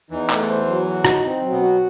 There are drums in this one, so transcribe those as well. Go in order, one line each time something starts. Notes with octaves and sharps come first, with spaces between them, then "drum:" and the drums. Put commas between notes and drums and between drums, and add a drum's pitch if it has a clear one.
E2 E3 D#4
A3, drum: clap
C5
F#3
F#4
D#4, drum: rim click
C4
F#3
B2 B3
F#4